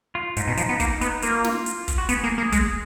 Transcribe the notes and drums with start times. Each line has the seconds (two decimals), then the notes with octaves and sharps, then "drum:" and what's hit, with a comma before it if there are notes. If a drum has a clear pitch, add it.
0.15 F4
0.37 G#2 D#4, drum: hi-hat
0.48 B2
0.57 F3, drum: hi-hat
0.69 B3
0.80 A#3, drum: kick, hi-hat
1.01 B3, drum: hi-hat
1.22 A#3 F4, drum: hi-hat
1.44 drum: snare
1.66 drum: hi-hat
1.88 drum: kick, hi-hat
1.98 F#4
2.09 B3 G#4, drum: hi-hat
2.24 A#3
2.38 A#3
2.52 G#3, drum: kick, hi-hat